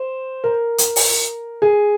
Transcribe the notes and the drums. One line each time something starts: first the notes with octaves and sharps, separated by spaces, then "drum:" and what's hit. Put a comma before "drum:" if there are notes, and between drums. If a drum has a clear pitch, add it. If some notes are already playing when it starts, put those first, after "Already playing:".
Already playing: C5
A#4
drum: hi-hat
drum: open hi-hat
G#4